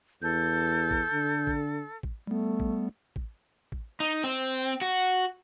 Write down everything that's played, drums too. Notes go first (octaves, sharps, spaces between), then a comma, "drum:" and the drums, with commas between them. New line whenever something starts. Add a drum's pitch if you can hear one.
E2 A4 G6
drum: kick A1
D3
drum: kick A1
drum: kick A1
G3 A3 B3
drum: kick A1
drum: kick A1
drum: kick A1
D#4
C4
F#4